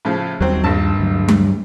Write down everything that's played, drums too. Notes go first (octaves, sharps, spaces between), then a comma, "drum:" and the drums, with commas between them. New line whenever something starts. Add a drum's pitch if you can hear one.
A2 C#3 F3
D#2 F#3 G3 C4
A#1 G2 A5
D2 F#3
drum: tom G3